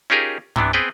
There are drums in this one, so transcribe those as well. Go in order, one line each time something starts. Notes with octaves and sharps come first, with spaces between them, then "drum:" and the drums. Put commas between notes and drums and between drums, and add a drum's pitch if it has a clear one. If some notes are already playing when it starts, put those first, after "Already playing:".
C#4 D#4 F4 G4 G#4 A#4
C3 E3 B3 D4, drum: tom G2
B3 C4 G#4 B4 G5